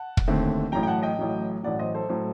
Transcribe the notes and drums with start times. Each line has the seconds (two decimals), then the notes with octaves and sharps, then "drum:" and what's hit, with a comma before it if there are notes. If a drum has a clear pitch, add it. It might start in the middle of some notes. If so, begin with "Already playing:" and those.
Already playing: F#5 A5
0.17 drum: kick
0.28 D#2 D3 A3 C4
0.72 A1 A2 F#3 G5 A#5
0.83 G5
0.87 F#5 A5
1.03 D#5 G5
1.19 A1 A2 F#3
1.63 A1 A2 F#3 D5 F#5
1.79 C5 D#5
1.94 A4 C5
2.09 A2 F#3 A4 C5